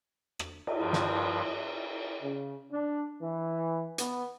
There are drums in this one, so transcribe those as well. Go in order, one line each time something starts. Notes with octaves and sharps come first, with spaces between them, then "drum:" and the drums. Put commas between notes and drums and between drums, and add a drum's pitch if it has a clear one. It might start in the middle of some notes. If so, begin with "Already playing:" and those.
drum: rim click
drum: cymbal
G2 F3
drum: snare
C#3
D4
E3
B3, drum: hi-hat